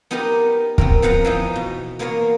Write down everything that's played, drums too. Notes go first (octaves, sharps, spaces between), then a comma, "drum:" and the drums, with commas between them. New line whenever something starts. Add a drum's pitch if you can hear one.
B3 D#4 G4 A#4 B4
B3 C4 A#4, drum: kick
F3 B3 B4 F5 F#5 A#5
E3 F3 D#4
B2
A#3 B3 A#4 C#5 F5